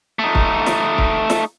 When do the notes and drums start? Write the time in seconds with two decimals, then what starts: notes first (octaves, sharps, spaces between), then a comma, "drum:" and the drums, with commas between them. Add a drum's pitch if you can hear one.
0.19 A3 D#4
0.35 drum: kick
0.66 drum: snare
0.98 drum: kick
1.30 drum: snare